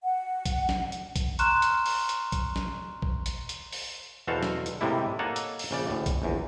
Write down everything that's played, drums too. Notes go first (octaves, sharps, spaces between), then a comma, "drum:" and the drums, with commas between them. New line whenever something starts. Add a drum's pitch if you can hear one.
F#5
drum: kick, hi-hat
drum: snare
drum: hi-hat
drum: kick, hi-hat
A#5 C6 C#6 F6 F#6 E7, drum: hi-hat
drum: hi-hat
drum: open hi-hat
drum: hi-hat
drum: kick, hi-hat
drum: snare
drum: kick
drum: hi-hat
drum: hi-hat
drum: open hi-hat
E2 B2 F#4 A4 C5 F5
drum: snare
drum: hi-hat
A2 C3 G3 G#3 A#3 E4
A#3 D#4 A4 C#5 F#5
drum: hi-hat
drum: open hi-hat
A#1 C#3 D5
D2 A2
drum: kick, hi-hat
A#1 E2